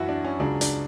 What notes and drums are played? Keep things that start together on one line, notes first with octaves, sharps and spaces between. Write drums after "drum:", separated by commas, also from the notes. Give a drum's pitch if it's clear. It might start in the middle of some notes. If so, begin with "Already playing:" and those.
Already playing: F#2 E3 E4 F#4
D4
C#4
C#2 C#3 F#3 D4
D4, drum: hi-hat